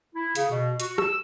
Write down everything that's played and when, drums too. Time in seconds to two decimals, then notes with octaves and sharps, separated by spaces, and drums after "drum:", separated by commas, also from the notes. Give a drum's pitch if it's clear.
0.15 E4
0.35 C#3, drum: hi-hat
0.50 B2
0.80 F#4, drum: hi-hat
0.98 E6, drum: rim click